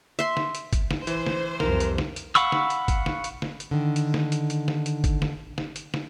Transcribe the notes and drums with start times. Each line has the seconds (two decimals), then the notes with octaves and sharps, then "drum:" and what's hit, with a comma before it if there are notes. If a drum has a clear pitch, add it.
0.19 E5 C6, drum: hi-hat
0.37 drum: snare
0.55 drum: hi-hat
0.73 drum: kick, hi-hat
0.91 drum: snare
1.07 E3 C5, drum: hi-hat
1.26 drum: snare
1.60 C2 F2 A#4, drum: snare
1.80 drum: hi-hat
1.98 drum: snare
2.16 drum: hi-hat
2.35 F5 F#5 B5 C#6 E6, drum: hi-hat
2.52 drum: snare
2.70 drum: hi-hat
2.88 drum: kick, hi-hat
3.06 drum: snare
3.24 drum: hi-hat
3.42 drum: snare
3.60 drum: hi-hat
3.71 D3 D#3
3.96 drum: hi-hat
4.14 drum: snare
4.32 drum: hi-hat
4.50 drum: hi-hat
4.68 drum: snare
4.86 drum: hi-hat
5.04 drum: kick, hi-hat
5.22 drum: snare
5.58 drum: snare
5.76 drum: hi-hat
5.94 drum: snare